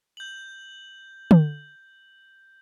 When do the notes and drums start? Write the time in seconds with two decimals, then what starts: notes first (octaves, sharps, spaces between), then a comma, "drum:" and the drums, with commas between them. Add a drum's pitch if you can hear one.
0.17 G6 F#7
1.31 drum: tom